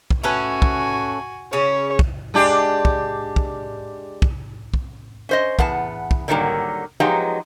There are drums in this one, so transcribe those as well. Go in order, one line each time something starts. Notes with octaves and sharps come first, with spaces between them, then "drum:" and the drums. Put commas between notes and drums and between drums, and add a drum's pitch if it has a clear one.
drum: kick
A3 C#4 F#4 B4 G#5
drum: kick
C#3 C#4 C#5
drum: kick
G#3 D4 G4
drum: kick
drum: kick
drum: kick
drum: kick
C#4 C5 D#5
E2 B3 A5, drum: kick
drum: kick
D3 D#3 F#3 G3 A#3
F3 F#3 G#3 B3 D#4 G4